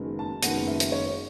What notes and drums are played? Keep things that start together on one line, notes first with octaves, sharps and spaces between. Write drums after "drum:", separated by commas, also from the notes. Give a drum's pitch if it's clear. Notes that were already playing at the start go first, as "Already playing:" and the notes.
Already playing: F#1 F#2 D#3 G#3 B3
A5
F#1 F#2 D#3 G#3 B3 F#5, drum: hi-hat
E5
drum: hi-hat
C#5